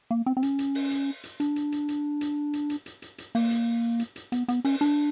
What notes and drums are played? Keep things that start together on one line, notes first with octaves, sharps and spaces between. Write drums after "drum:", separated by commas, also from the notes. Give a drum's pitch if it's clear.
A#3
C4
C4
C#4, drum: hi-hat
drum: hi-hat
drum: open hi-hat
drum: hi-hat
drum: hi-hat
D4, drum: hi-hat
drum: hi-hat
drum: hi-hat
drum: hi-hat
drum: hi-hat
drum: hi-hat
drum: hi-hat
drum: hi-hat
drum: hi-hat
drum: hi-hat
A#3, drum: open hi-hat
drum: hi-hat
drum: hi-hat
drum: hi-hat
B3, drum: hi-hat
B3, drum: hi-hat
C#4, drum: open hi-hat
D4, drum: hi-hat